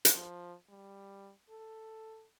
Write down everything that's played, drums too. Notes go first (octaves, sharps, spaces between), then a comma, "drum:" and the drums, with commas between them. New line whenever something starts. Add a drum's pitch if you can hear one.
drum: hi-hat
F3
G3
A4